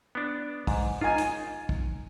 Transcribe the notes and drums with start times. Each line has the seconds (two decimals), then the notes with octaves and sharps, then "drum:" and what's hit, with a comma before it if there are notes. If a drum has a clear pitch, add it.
0.15 B3 D4
0.67 G#2, drum: kick, open hi-hat
1.01 D#4 F4 G#5
1.18 drum: hi-hat
1.69 drum: kick